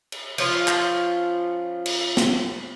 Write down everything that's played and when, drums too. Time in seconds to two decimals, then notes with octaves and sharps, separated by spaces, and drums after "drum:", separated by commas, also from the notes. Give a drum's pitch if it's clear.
0.12 drum: cymbal
0.38 F3 C#4 F4, drum: cymbal
0.68 drum: clap
1.86 drum: cymbal
2.17 drum: snare